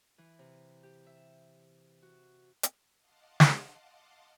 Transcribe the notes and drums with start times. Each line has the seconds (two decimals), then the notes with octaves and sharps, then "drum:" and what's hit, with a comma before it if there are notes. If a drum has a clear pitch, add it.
0.18 E3
0.39 C3
0.83 G4
1.06 E5
2.02 F#4
2.63 drum: hi-hat
2.99 D#5 F5 F#5 A5 C6 D6
3.40 drum: snare